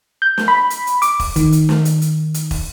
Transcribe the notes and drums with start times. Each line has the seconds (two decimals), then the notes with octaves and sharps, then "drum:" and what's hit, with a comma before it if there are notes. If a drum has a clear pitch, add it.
0.22 G6
0.38 drum: snare
0.48 B5
0.70 drum: hi-hat
0.87 drum: hi-hat
1.02 D6, drum: hi-hat
1.20 drum: kick, open hi-hat
1.36 D#3, drum: kick, hi-hat
1.52 drum: hi-hat
1.69 drum: snare
1.85 drum: hi-hat
2.02 drum: hi-hat
2.34 drum: hi-hat
2.51 drum: kick, open hi-hat